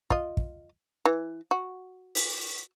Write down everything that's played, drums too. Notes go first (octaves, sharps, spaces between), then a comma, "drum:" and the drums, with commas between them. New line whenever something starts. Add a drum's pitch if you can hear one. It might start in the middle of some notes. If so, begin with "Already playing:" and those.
F4 D#5, drum: kick
drum: kick
E3
F#4
drum: open hi-hat